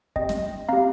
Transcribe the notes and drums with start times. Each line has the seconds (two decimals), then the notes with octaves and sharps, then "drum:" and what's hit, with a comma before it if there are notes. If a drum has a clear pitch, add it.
0.16 C4 G4 D#5 G5, drum: kick
0.29 drum: snare
0.69 C4 G4 F5 A#5